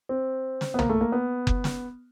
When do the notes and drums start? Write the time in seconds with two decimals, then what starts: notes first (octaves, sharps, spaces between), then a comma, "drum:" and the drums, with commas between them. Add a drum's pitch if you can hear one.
0.09 C4
0.61 drum: snare
0.74 B3
0.79 A#3, drum: tom
0.89 A3
1.01 A#3
1.12 B3
1.47 drum: kick F#1
1.64 drum: snare